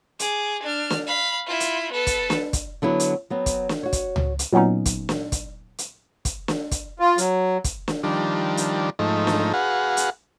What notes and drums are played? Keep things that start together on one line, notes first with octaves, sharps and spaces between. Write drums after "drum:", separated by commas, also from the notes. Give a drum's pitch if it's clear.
G#4 D6, drum: hi-hat
D4 F6
drum: snare
F5 B5
E4 F4
drum: hi-hat
B3 A4
drum: kick, hi-hat
drum: snare
drum: kick, hi-hat
D3 F#3 B3 E4
drum: hi-hat
F#3 B3 C4
drum: kick, hi-hat
drum: snare
F#4 C#5
drum: kick, hi-hat
drum: tom C#2
drum: hi-hat
A#2 F#3 B3 C#4 D#4
drum: kick, hi-hat
drum: snare
drum: kick, hi-hat
drum: hi-hat
drum: kick, hi-hat
drum: snare
drum: kick, hi-hat
F4
F#3, drum: hi-hat
drum: kick, hi-hat
drum: snare
D#3 F3 G3 D4
drum: hi-hat
G#2 F3 A3 D#4
drum: snare
F#4 G#4 B4 F5 F#5
drum: hi-hat